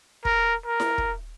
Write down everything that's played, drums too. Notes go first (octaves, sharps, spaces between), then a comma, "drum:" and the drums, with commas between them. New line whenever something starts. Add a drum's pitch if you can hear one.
A#4, drum: kick
A#4
drum: snare E4
drum: kick